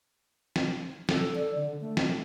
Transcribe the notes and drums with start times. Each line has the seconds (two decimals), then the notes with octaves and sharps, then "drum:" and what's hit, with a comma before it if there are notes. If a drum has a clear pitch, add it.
0.56 drum: snare
1.09 A4, drum: snare
1.35 D5
1.56 D3
1.81 A3
1.97 drum: snare